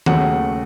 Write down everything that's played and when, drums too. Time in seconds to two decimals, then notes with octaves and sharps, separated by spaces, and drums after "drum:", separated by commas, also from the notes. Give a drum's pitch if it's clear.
0.06 D#2 C#3 F#3 A3 F#5, drum: tom D#3